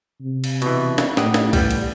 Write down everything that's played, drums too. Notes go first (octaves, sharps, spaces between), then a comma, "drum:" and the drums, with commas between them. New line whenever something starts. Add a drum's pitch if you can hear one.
C3
drum: cymbal
B2 E3, drum: cymbal
drum: snare
A2 G4 D#5 F#5, drum: snare
drum: snare
G3 B3, drum: kick C2, cymbal
drum: cymbal